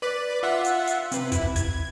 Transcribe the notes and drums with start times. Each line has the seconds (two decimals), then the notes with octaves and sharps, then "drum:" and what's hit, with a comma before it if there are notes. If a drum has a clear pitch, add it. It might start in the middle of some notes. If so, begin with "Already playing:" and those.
0.02 B4 D5 B5
0.43 F4 E5 F#5
0.64 drum: hi-hat
0.87 drum: hi-hat
1.12 C3 B4, drum: hi-hat
1.32 E4, drum: kick, hi-hat
1.56 G#6, drum: kick, hi-hat